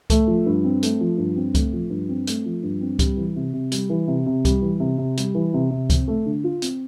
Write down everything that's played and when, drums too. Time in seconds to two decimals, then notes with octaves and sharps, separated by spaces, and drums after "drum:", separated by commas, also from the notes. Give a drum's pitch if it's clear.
0.10 A3, drum: kick C#2, hi-hat
0.27 F3
0.46 G2
0.64 C4
0.83 A3, drum: hi-hat
1.01 F3
1.18 G2
1.36 C4
1.55 A3, drum: kick C#2, hi-hat
1.73 F3
1.90 G2
2.09 C4
2.27 A3, drum: hi-hat
2.46 F3
2.63 G2
2.81 C4
2.99 G3, drum: kick C#2, hi-hat
3.17 E3
3.36 C3
3.53 C3
3.72 G3, drum: hi-hat
3.89 E3
4.08 C3
4.26 C3
4.45 G3, drum: kick C#2, hi-hat
4.62 E3
4.80 C3
4.98 C3
5.17 G3, drum: hi-hat
5.35 E3
5.54 C3
5.71 C3
5.90 C4, drum: kick C#2, hi-hat
6.08 A3
6.26 D3
6.44 F4
6.62 C4, drum: hi-hat